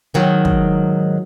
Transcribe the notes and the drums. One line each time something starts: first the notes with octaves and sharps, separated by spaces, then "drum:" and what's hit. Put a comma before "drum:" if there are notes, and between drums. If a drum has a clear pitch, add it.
G#2 D#3 F#3
drum: kick